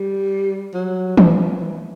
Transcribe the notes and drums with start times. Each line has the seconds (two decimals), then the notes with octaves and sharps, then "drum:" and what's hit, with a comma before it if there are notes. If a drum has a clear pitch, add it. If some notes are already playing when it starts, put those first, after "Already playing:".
Already playing: G3
0.74 F#3
1.17 F3, drum: tom E3
1.61 E3